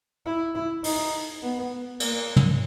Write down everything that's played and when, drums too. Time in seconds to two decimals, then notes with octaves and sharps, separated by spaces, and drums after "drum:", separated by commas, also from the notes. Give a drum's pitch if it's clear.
0.26 E4
0.55 E4
0.84 D#4, drum: open hi-hat
1.42 B3
2.00 A#3, drum: cymbal
2.36 drum: tom